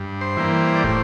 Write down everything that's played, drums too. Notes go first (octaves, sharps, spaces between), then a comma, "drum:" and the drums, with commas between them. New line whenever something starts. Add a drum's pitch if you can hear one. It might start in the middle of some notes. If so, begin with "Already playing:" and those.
Already playing: G2
C5
E3 G3 A#3
C5
D5
A2 C5, drum: kick